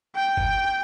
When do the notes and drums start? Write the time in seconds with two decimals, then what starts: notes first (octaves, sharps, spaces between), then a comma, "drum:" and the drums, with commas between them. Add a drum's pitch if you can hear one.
0.15 G5
0.37 drum: kick F#1